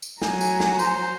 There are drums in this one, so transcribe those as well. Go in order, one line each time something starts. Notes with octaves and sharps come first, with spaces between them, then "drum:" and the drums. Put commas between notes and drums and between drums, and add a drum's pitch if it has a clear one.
drum: tambourine
F#3 G#5 A#5, drum: snare
drum: tambourine
drum: snare
C5, drum: tambourine